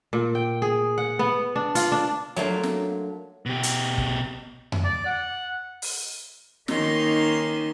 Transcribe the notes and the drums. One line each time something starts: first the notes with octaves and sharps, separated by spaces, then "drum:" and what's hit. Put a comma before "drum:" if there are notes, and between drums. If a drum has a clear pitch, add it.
A#2
G5
G#4
F#5
B3
D4
F4, drum: hi-hat
D4
F#3 A3 A#3 D4 F4
drum: snare
B2 G4
drum: hi-hat
drum: kick
drum: tom F2
D5
F#5
drum: open hi-hat
D#3 A#3 C#4 D#4 C6, drum: snare